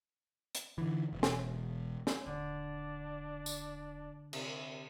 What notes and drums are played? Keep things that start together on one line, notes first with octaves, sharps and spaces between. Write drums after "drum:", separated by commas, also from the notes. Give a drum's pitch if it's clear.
drum: hi-hat
D3 E3
E1
drum: snare
drum: snare
D#1 D3 D4
drum: tambourine
C3, drum: cymbal